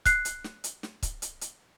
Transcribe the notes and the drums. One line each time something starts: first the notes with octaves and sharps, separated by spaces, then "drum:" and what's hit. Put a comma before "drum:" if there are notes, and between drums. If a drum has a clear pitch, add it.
F#6 C7, drum: kick C#1, hi-hat
drum: hi-hat
drum: snare
drum: hi-hat
drum: snare
drum: kick C#1, hi-hat
drum: hi-hat
drum: hi-hat